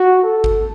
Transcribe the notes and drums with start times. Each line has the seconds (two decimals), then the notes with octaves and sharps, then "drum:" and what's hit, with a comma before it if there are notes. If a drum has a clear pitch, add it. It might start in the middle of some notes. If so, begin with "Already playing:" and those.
Already playing: F#4
0.23 A4
0.44 drum: kick G#1